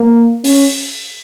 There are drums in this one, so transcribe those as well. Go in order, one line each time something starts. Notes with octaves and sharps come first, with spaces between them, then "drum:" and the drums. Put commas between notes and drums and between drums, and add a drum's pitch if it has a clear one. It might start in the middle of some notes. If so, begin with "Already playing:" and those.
Already playing: A#3
C#4, drum: open hi-hat